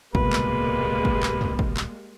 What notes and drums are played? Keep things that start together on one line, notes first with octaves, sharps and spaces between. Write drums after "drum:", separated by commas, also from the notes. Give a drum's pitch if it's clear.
D1 C2 B2 G3 G#3 A#3 B4, drum: kick
drum: clap
drum: kick
drum: clap
drum: tom
drum: kick
drum: clap